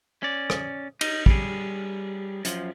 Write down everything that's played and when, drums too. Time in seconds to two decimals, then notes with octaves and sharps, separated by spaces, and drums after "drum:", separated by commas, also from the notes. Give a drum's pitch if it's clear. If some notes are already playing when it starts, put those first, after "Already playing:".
0.23 C#4 D5
0.50 drum: rim click
1.01 D#4, drum: cymbal
1.26 G3 G#4, drum: kick
2.45 F#2 F3, drum: hi-hat